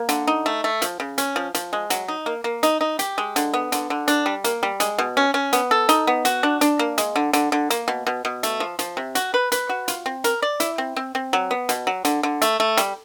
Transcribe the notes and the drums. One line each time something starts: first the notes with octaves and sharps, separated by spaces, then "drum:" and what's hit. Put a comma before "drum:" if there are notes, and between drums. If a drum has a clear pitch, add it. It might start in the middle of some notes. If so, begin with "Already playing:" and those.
Already playing: A#3
D3, drum: hi-hat
D#4
A3
A3
F3, drum: hi-hat
C#3
C#4, drum: hi-hat
F3
F3, drum: hi-hat
G#3
F#3, drum: hi-hat
D#4
A#3
A#3
D#4, drum: hi-hat
D#4
G4, drum: hi-hat
G#3
D3, drum: hi-hat
B3
D3, drum: hi-hat
D3
D4, drum: hi-hat
G3
A#3, drum: hi-hat
G3
G#3, drum: hi-hat
B2
C#4
C#4
B3, drum: hi-hat
A4
D#4, drum: hi-hat
B3
F#4, drum: hi-hat
D4
D4, drum: hi-hat
A#3
G#3, drum: hi-hat
D3
D3, drum: hi-hat
D3
A#3, drum: hi-hat
B2
B2
B2
A3, drum: hi-hat
F3
F3, drum: hi-hat
C3
F#4, drum: hi-hat
B4
B4, drum: hi-hat
F#4
F4, drum: hi-hat
C4
A#4, drum: hi-hat
D5
E4, drum: hi-hat
C4
C4
C4
F#3
B3
B2, drum: hi-hat
F#3
D3, drum: hi-hat
D3
A3, drum: hi-hat
A3
G3, drum: hi-hat